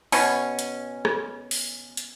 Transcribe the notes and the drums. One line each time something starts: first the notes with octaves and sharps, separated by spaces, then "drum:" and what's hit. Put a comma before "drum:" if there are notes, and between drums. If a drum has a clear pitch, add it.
B2 C#4, drum: open hi-hat
drum: hi-hat
drum: rim click
drum: open hi-hat
drum: hi-hat